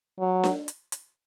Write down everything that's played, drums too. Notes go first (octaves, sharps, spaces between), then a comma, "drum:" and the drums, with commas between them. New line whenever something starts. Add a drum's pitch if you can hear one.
F#3
drum: snare D4
drum: hi-hat
drum: hi-hat